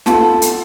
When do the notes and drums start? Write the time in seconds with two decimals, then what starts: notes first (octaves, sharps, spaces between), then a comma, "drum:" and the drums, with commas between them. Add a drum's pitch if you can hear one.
0.06 B3 F4 A4 A5, drum: snare
0.42 drum: hi-hat